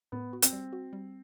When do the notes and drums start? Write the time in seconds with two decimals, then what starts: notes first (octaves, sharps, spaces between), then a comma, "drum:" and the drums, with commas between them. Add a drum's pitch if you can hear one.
0.12 A2 B3
0.33 F#4
0.42 C4, drum: hi-hat
0.53 G3
0.73 F#4
0.93 G3